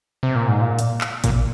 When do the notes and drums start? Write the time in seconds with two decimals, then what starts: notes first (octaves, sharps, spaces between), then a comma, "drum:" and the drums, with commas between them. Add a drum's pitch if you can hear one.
0.23 C3
0.36 A#2
0.48 G#2
0.61 A#2
0.79 drum: hi-hat
1.01 drum: clap
1.24 A#2, drum: kick A1, hi-hat